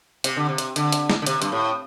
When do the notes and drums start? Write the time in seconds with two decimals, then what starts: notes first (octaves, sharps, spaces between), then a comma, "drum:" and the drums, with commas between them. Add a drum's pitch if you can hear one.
0.24 C3, drum: hi-hat
0.37 D3
0.49 C3
0.58 drum: hi-hat
0.76 D3, drum: hi-hat
0.92 drum: hi-hat
1.10 drum: snare
1.22 D3
1.26 C3, drum: hi-hat
1.42 G2, drum: hi-hat
1.52 A2